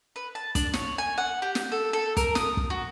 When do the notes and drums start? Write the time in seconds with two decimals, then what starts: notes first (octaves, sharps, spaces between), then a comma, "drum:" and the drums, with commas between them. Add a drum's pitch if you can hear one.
0.16 B4
0.35 A5
0.55 D4, drum: kick, hi-hat
0.73 C#5, drum: snare
0.98 G#5
1.18 F#5
1.42 G4
1.55 drum: snare
1.72 A4
1.93 A4
2.17 A#4, drum: kick, hi-hat
2.35 D#6, drum: snare
2.57 drum: kick
2.70 F#4